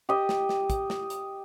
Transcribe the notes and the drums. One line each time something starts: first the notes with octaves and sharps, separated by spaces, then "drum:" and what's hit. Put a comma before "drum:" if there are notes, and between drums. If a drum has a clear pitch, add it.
G4 D#5
drum: snare
drum: snare
drum: kick, hi-hat
drum: snare
drum: hi-hat